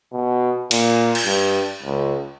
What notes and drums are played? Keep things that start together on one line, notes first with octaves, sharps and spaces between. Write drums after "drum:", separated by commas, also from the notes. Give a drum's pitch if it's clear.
B2
A#2, drum: cymbal
drum: cymbal
G2
C#2